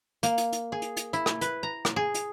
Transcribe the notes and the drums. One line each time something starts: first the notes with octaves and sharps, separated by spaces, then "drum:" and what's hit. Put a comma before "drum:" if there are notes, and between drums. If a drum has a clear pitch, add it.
A#3, drum: hi-hat
drum: hi-hat
drum: hi-hat
G#4
drum: hi-hat
drum: hi-hat
E4, drum: hi-hat
drum: rim click
B4, drum: hi-hat
A#5
drum: rim click
G#4
drum: hi-hat